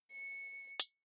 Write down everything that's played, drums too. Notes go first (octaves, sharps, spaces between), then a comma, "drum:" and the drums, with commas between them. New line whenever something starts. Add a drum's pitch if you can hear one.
C#7
drum: hi-hat